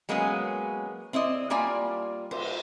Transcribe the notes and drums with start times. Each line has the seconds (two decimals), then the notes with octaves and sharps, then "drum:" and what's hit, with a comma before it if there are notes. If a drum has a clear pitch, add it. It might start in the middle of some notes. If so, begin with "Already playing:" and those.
0.09 F#3 G#3 A#3 B3 C#4 G#4
1.13 C4 E4 D5 D#5
1.50 G3 A#3 F4 D5 G#5
2.31 C5, drum: cymbal